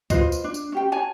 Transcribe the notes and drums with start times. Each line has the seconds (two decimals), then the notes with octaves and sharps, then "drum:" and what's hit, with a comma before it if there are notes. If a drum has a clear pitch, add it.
0.10 F4 B4 C5 D#5, drum: kick, tambourine
0.32 drum: tambourine
0.44 D4
0.54 drum: tambourine
0.72 C#4 G4 G5
0.92 C#5 G#5 A5